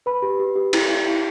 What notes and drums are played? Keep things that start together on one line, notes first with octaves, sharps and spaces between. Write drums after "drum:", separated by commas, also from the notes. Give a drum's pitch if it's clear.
B4 B5
G4
G4
G4
E4, drum: cymbal
E4
E4